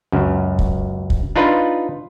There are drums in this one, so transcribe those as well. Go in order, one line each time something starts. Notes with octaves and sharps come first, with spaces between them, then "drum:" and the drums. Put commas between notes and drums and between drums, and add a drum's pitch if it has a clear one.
C#2 F#2
drum: kick
drum: kick
D4 D#4 F4 B4